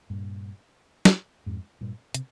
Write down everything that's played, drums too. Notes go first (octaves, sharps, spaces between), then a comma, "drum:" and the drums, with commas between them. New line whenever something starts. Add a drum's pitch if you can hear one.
G2 A#2
drum: snare
F2 G#2
G2 A#2
C3, drum: hi-hat